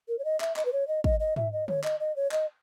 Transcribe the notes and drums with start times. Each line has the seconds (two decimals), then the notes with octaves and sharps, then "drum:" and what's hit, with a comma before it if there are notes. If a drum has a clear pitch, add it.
0.08 A#4
0.19 C#5
0.25 D#5
0.40 E5, drum: clap
0.56 D#5, drum: clap
0.65 B4
0.73 C#5
0.88 D#5
1.04 D#5, drum: kick
1.20 D#5
1.36 E5, drum: tom G#2
1.53 D#5
1.68 C#5, drum: tom D3
1.84 D#5, drum: clap
2.00 D#5
2.16 C#5
2.31 D#5, drum: clap